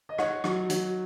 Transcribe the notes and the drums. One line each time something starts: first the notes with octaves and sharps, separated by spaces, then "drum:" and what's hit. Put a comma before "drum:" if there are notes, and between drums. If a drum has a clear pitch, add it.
D#5
D#4 C#5 F#5, drum: rim click
F#3, drum: rim click
F#3, drum: hi-hat